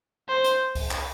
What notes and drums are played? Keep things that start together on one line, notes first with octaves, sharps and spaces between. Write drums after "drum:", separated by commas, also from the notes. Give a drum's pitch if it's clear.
C5
drum: hi-hat
drum: kick C2, open hi-hat
drum: clap